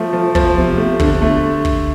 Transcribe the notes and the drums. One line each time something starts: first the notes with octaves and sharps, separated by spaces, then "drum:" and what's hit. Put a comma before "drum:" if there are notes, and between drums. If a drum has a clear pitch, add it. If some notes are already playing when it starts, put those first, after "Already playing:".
Already playing: F3 A3
F3
F3, drum: kick
C3
A3
D3, drum: kick
A3
drum: kick